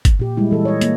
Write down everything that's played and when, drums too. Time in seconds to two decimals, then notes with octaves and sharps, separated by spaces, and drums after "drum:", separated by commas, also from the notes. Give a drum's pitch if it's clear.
0.05 drum: kick G1, hi-hat
0.19 A#2 G4
0.37 G3 G#3 E4
0.51 E3 A4
0.65 C#5 D#5
0.81 A#3, drum: hi-hat